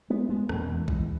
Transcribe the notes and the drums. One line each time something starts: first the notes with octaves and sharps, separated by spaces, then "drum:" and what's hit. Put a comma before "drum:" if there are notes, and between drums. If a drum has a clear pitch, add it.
G#3 B3
G#3 B3
E2 B2 A#3 C#4, drum: rim click
E3 G#3
E3 G#3, drum: kick B1